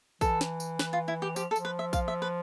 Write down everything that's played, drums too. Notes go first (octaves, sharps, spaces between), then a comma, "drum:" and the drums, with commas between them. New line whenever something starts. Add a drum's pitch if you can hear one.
E3 A4, drum: kick A#1, tambourine
drum: snare
drum: tambourine
B4, drum: snare
F4
E4
G4
F3 G4, drum: tambourine
A4
F3, drum: tambourine
B4
E5
F5, drum: kick A#1, tambourine
E5
B4